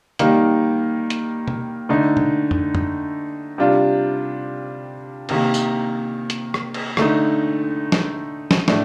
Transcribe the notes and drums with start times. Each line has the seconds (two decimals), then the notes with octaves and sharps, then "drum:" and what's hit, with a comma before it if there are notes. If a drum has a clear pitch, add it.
0.19 D#3 G3 A#3 D#4, drum: hi-hat
1.10 drum: hi-hat
1.48 drum: tom B2
1.89 D3 A3 D#4
2.17 drum: tom B2
2.51 drum: tom F2
2.75 drum: tom F2
3.58 C3 G3 D4 F4
5.29 C3 D#3 A#3, drum: cymbal
5.54 drum: tambourine
6.30 drum: hi-hat
6.54 drum: rim click
6.74 drum: cymbal
6.97 D3 A3 D#4, drum: rim click
7.92 drum: snare
8.51 drum: snare
8.68 A2 A3 D4, drum: snare